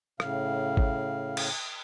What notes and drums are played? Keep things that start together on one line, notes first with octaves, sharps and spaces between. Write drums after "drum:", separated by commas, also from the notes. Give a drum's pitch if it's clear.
A2 C#3 F5, drum: rim click
drum: kick G#1
drum: cymbal